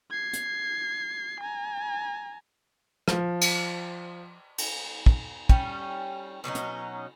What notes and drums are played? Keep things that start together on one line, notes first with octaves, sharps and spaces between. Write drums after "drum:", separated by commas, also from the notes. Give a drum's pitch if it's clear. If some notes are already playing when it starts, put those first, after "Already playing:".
G#6 C7
drum: hi-hat
G#5 A#5
F3, drum: rim click
drum: cymbal
drum: cymbal
drum: kick
G3 C#4, drum: kick
B2 F#3 C#4 D#4
drum: hi-hat